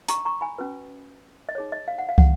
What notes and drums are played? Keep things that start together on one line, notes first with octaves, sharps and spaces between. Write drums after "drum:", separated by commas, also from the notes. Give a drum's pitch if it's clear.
A#5 C#6, drum: hi-hat
A#5 C#6
G#5 B5
C#4 F#4 B4
D#5
D#4 G#4 C#5
D#5
F5
F#5
F5
F#5, drum: kick